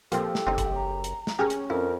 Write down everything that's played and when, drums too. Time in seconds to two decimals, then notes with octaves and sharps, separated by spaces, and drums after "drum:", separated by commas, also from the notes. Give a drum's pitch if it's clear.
0.12 A#2 F3 C4 G4 A4, drum: hi-hat
0.35 drum: snare
0.47 F#1 C4 D#4
0.58 drum: kick A1, hi-hat
0.75 A#5
1.04 drum: hi-hat
1.27 drum: snare
1.39 C#4 G4 G#4 A#4
1.50 drum: hi-hat
1.70 F2 E4 A#4